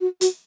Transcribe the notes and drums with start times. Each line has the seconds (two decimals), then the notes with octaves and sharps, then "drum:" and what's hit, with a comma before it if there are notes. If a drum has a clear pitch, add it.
0.01 F#4
0.21 F#4, drum: hi-hat